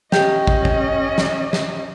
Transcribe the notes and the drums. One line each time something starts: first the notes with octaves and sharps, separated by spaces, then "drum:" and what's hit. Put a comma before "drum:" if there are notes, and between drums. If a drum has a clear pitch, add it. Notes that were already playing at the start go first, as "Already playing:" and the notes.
C#4 G4 D#5, drum: snare
drum: kick
drum: kick
drum: snare
drum: snare